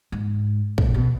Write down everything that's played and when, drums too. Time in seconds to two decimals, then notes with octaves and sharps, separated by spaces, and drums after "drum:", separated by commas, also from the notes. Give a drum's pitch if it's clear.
0.12 G#2
0.78 A#2, drum: kick
0.94 B2